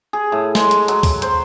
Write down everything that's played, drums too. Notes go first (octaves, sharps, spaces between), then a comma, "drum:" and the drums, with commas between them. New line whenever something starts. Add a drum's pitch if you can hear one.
G#4
A2
G#3, drum: snare
drum: hi-hat
F#3, drum: hi-hat
drum: kick, open hi-hat
C5, drum: hi-hat